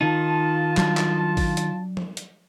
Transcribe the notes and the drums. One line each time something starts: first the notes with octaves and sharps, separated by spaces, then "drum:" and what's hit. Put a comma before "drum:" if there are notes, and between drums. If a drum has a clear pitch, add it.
D#3 D#4 F4 A5
F#3 G3 D4, drum: clap
drum: clap
drum: kick, open hi-hat
drum: hi-hat
drum: tom
drum: hi-hat